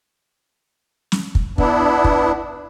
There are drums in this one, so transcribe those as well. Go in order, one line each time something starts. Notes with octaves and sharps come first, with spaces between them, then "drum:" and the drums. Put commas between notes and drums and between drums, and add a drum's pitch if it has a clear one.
drum: snare
drum: kick
B3 D4 E4, drum: kick
drum: kick